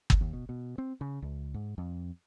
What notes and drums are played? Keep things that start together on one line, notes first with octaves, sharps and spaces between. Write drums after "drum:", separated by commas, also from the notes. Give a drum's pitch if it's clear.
drum: kick
D#2
B2
B2
C4
C#3
C#2
G#2
F2